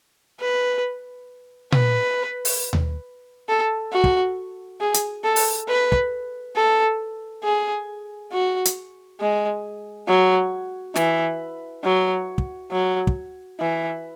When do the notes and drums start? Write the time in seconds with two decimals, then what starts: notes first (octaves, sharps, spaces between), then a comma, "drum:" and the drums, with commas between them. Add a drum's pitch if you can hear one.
0.41 B4
1.72 B4, drum: tom A#2
2.45 drum: open hi-hat
2.73 drum: tom D#2
3.49 A4
3.92 F#4
4.04 drum: kick
4.80 G#4
4.94 drum: hi-hat
5.24 A4
5.36 drum: open hi-hat
5.68 B4
5.92 drum: kick
6.56 A4
7.44 G#4
8.32 F#4
8.65 drum: hi-hat
9.20 G#3
10.07 F#3
10.96 E3, drum: snare
11.84 F#3
12.38 drum: kick
12.72 F#3
13.07 drum: kick
13.60 E3